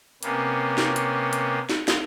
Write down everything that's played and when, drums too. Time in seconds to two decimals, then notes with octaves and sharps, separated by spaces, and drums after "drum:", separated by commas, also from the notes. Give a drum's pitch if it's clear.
0.23 C3 A#3 B3 C#4, drum: hi-hat
0.78 drum: snare
0.96 drum: hi-hat
1.33 drum: hi-hat
1.69 drum: snare
1.88 drum: snare